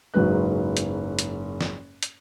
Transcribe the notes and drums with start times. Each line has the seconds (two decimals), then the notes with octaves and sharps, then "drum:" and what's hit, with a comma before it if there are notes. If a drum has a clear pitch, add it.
0.14 F#1 G#2 F#3 B4 F#6
0.77 drum: hi-hat
1.19 drum: hi-hat
1.61 drum: snare
2.03 drum: hi-hat